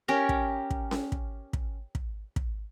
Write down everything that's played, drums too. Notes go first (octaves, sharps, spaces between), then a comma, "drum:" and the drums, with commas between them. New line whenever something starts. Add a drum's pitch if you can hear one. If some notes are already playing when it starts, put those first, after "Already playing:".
C#4 G4 A#4
drum: kick
drum: kick
drum: snare C#4
drum: kick
drum: kick
drum: kick
drum: kick